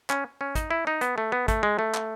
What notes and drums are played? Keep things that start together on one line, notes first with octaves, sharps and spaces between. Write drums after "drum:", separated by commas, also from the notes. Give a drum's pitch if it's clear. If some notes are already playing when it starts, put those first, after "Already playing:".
C#4, drum: clap
C#4
D#4, drum: kick, hi-hat
E4
D#4
B3, drum: hi-hat
A3
B3
A3, drum: kick, hi-hat
G#3
A3
drum: clap